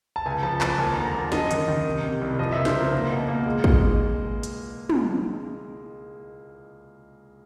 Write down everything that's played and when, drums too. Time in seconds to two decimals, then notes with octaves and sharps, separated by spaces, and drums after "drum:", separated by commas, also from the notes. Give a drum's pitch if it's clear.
0.16 A5
0.26 C#2 G#5
0.43 F3 A5
0.61 F3 A5, drum: clap
0.78 D#2 G#5
0.92 A#5
0.97 D3
1.05 A#5
1.15 D#2 A5
1.32 F#2 D#5, drum: snare
1.51 D#3, drum: hi-hat
1.68 D#3
1.86 C3
2.04 C3
2.21 C2
2.39 F3 D#5
2.52 E5
2.57 C#2
2.65 C5, drum: snare
2.75 C#2 A#4
2.92 A#3
3.10 B2
3.28 A#3
3.46 G#3
3.64 G#3, drum: kick
4.43 drum: hi-hat
4.89 drum: tom